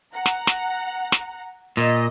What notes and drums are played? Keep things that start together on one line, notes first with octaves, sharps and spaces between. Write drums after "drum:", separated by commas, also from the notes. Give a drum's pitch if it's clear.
F#5 A#5
drum: snare
drum: snare
drum: snare
A#2 D#5